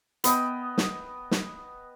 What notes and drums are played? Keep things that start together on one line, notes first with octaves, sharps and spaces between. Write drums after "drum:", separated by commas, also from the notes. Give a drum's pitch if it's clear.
B3 D#5 G5, drum: hi-hat
drum: snare
drum: snare